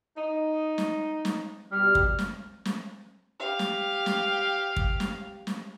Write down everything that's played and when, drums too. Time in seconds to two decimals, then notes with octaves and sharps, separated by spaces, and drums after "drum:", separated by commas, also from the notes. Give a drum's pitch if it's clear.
0.16 D#4
0.78 drum: snare
1.25 drum: snare
1.72 B2 G3 F6
1.95 drum: kick
2.19 drum: snare
2.65 drum: snare
3.40 G4 F5
3.59 drum: snare
4.06 drum: snare
4.76 drum: kick
5.00 drum: snare
5.47 drum: snare